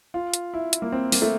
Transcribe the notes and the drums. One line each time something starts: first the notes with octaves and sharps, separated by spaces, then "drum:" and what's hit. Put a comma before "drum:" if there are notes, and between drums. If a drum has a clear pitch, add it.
F4
drum: hi-hat
E4
drum: hi-hat
A#3
C4
A#3, drum: open hi-hat
A3